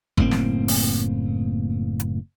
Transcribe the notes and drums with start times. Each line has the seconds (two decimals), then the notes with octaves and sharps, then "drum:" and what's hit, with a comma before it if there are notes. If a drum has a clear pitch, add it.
0.17 F#1 A2 A#3 C4, drum: kick G1
0.31 drum: snare
0.68 drum: open hi-hat
2.00 drum: hi-hat